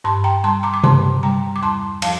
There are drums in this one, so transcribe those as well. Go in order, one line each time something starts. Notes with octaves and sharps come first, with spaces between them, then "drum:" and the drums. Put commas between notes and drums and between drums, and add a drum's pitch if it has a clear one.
G2 A5 C6
G5 A#5
G3 A5 C6
A#5 D6
D6
G2 A5 C6, drum: tom C3
G3 G5 A#5
D6
E2 A5 C6
F3 F5 A5, drum: cymbal